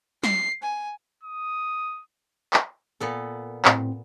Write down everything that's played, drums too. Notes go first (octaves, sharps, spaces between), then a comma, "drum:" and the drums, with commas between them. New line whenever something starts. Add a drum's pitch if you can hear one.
C7, drum: snare
G#5
D#6
drum: clap
A#2 B3 A4
A2 C4, drum: clap